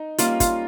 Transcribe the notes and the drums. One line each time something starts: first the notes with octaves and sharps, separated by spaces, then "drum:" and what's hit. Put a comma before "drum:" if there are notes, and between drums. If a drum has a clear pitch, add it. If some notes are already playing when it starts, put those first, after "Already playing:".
Already playing: D#4
G3 A#3 C#4 F4, drum: hi-hat
F4, drum: kick, hi-hat